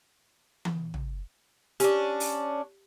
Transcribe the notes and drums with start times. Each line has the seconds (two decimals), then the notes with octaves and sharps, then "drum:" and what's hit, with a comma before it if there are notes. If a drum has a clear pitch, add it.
0.65 drum: tom E3
0.94 drum: tom
1.80 C#4 D4 G4, drum: hi-hat
2.20 drum: open hi-hat